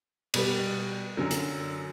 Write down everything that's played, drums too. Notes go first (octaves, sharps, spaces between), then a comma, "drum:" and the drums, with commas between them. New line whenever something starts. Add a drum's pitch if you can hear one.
B2 G3 B3, drum: cymbal
F#2 D3 F#3
drum: hi-hat